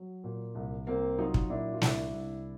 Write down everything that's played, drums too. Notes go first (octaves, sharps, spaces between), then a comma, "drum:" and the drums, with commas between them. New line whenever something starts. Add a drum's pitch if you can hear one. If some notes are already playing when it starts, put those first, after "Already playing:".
Already playing: F#3
A#2
C2
C2 A#3 C4
F#3 D#4 F4
drum: kick
A#2 D4 E4
F4
C2 D4 E4, drum: snare
C2